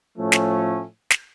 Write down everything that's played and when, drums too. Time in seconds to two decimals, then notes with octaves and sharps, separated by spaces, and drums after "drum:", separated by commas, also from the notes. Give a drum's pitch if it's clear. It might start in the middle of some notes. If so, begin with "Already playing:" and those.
0.17 A2 F3 A3 C#4
0.32 drum: snare
1.10 drum: snare